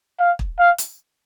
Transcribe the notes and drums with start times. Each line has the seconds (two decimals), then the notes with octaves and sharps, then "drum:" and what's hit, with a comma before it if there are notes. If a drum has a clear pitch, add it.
0.20 F5
0.39 drum: kick
0.59 F5
0.78 drum: hi-hat